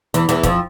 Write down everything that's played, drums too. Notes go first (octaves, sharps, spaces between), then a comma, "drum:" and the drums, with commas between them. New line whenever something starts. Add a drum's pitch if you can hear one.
E2 E3, drum: hi-hat
E2 E3, drum: hi-hat
F2 F3, drum: kick, hi-hat